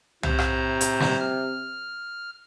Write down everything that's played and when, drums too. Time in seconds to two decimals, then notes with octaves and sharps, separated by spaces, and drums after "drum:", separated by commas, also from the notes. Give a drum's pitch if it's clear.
0.23 A2 C3 C5 A#5, drum: tom
0.38 drum: rim click
0.81 drum: hi-hat
1.00 drum: snare
1.20 F6